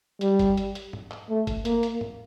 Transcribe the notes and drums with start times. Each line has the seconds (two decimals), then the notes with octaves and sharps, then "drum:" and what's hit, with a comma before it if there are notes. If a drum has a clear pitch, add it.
0.21 G3, drum: hi-hat
0.39 drum: kick G1, hi-hat
0.57 drum: hi-hat
0.75 drum: hi-hat
0.93 drum: tom G#2
1.11 drum: clap
1.30 A3
1.47 drum: kick G1, hi-hat
1.65 A#3, drum: hi-hat
1.83 drum: hi-hat
2.01 drum: tom G#2